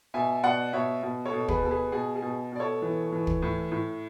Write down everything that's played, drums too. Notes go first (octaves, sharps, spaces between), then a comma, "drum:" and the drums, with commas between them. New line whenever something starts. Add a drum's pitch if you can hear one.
B2 E5 G#5
B2 D5 F#5
B2 C#5 E5
B2
A4 C#5
B2
G#4 B4, drum: kick
B2 A4
G#4 B4
B2 G#4
G#4
B2
B2 D5
A4 C#5
E3
E3
drum: kick
A2
A2